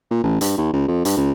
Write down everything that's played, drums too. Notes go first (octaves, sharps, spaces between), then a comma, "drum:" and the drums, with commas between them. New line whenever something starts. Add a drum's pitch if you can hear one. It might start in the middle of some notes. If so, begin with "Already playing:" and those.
A#2
A1
G2, drum: hi-hat
D#2
C#2
F2
G2, drum: hi-hat
C#2